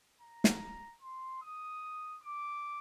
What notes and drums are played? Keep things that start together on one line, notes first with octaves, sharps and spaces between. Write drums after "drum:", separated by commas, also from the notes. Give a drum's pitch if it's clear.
A#5
drum: snare
C6
D#6
D6